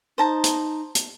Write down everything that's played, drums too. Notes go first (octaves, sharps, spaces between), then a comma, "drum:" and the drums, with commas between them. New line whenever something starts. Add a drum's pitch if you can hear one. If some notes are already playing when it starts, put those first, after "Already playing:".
D#4 C5 A5 A#5
drum: hi-hat
drum: hi-hat